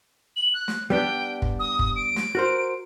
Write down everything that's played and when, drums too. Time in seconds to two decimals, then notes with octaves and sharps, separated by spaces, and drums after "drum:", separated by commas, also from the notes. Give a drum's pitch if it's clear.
0.36 F#7
0.54 F#6
0.68 drum: snare
0.90 G3 B3 D4 G5
1.42 drum: kick
1.60 D#6
1.79 drum: kick
1.96 D7
2.16 drum: snare
2.35 F#4 A#4 C5